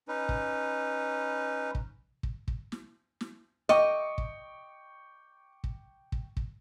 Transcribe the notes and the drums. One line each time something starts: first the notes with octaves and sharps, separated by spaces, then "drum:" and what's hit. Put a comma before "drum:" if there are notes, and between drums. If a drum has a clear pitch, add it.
C#4 D#4 B4
drum: kick
drum: kick
drum: kick
drum: kick
drum: snare
drum: snare
D#5 G5 C#6 D6, drum: snare
drum: kick
drum: kick
drum: kick
drum: kick